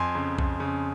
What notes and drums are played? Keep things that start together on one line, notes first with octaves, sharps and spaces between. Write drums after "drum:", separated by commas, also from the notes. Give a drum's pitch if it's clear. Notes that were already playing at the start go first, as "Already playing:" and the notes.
Already playing: F2 G#5 C6
C#3
F2, drum: kick B1
C#3